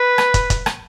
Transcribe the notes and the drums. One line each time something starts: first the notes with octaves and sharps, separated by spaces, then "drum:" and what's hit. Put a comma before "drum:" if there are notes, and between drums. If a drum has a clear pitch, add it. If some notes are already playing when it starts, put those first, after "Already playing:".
Already playing: B4
drum: rim click
drum: kick, hi-hat
drum: kick, hi-hat
drum: rim click